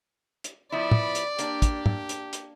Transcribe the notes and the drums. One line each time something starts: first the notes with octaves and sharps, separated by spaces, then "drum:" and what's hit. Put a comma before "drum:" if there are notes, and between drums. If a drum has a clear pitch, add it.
drum: hi-hat
F3 B3 E4 D5 B5
drum: tom
drum: hi-hat
A#3 D4 G4, drum: hi-hat
drum: kick, hi-hat
drum: tom
drum: hi-hat
drum: hi-hat